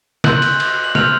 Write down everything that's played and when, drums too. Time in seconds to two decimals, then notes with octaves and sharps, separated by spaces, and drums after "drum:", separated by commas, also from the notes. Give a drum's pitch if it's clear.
0.24 C6 E6 F#6 G6 F#7, drum: snare
0.42 drum: cymbal
0.60 drum: cymbal
0.84 F#7
0.95 C6 E6 F6 G6 F7, drum: snare